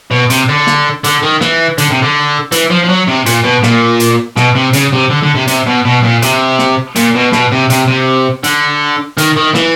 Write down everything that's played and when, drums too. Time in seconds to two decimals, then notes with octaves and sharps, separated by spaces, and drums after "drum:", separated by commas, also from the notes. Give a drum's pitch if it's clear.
0.11 B2
0.30 C3, drum: hi-hat
0.49 D3
0.67 drum: snare
1.04 D3, drum: hi-hat
1.23 D#3
1.41 E3, drum: snare
1.78 D3, drum: hi-hat
1.91 C3
2.02 D3
2.52 E3, drum: hi-hat
2.70 F3
2.84 F3
2.89 F#3
3.08 C3
3.26 A#2, drum: hi-hat
3.44 B2
3.63 A#2, drum: snare
4.00 drum: hi-hat
4.36 B2, drum: snare
4.55 C3
4.73 C#3, drum: hi-hat
4.92 C3
5.10 D3
5.23 D3
5.35 C3
5.48 C3, drum: hi-hat
5.67 B2
5.85 B2
6.03 A#2
6.22 C3, drum: hi-hat
6.59 drum: snare
6.96 A#2, drum: hi-hat
7.15 B2
7.32 B2, drum: snare
7.52 C3
7.70 C3, drum: hi-hat
7.88 C3
8.44 D3, drum: hi-hat
9.18 D#3, drum: hi-hat
9.37 D#3
9.55 E3, drum: snare